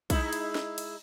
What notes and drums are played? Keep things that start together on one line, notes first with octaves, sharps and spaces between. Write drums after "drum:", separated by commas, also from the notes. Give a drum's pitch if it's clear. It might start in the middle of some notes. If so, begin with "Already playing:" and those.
G#3 D#4 E4, drum: kick B1, cymbal
drum: cymbal
drum: snare
drum: cymbal